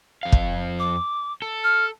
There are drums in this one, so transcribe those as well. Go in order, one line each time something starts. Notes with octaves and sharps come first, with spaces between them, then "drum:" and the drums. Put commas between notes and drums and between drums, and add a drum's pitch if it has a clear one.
F2 F5
drum: kick
D6
A4
F6